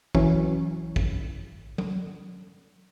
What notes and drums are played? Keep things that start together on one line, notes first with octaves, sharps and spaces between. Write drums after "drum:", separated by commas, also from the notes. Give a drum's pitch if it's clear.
E3 F#3 C#4, drum: kick
drum: kick
drum: tom